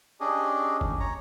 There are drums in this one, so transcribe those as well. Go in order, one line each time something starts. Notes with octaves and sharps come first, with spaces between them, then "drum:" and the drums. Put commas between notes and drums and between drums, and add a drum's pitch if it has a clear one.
C#4 D4 G4 G#4 D#5
drum: kick G1
C#5 A#5